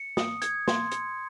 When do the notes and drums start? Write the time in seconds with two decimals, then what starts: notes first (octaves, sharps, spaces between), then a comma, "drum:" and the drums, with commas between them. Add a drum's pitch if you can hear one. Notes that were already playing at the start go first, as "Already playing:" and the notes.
Already playing: C#7
0.17 D#6, drum: snare
0.42 G#6, drum: hi-hat
0.68 C6, drum: snare
0.92 C#7, drum: hi-hat